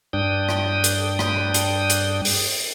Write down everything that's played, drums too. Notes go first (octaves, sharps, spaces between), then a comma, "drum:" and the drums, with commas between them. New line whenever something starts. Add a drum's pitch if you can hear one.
G2 D4 G5 D#6
drum: rim click
drum: hi-hat
drum: rim click
drum: hi-hat
drum: hi-hat
drum: open hi-hat